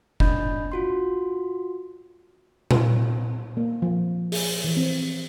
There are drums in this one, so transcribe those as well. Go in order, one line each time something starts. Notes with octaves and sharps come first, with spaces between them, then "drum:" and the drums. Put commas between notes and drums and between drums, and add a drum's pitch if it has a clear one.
D4 D#5 B5 G6, drum: kick F1
F4 F#4 C6
drum: tom A#2
A#3
F3
G#4, drum: open hi-hat
E3
C4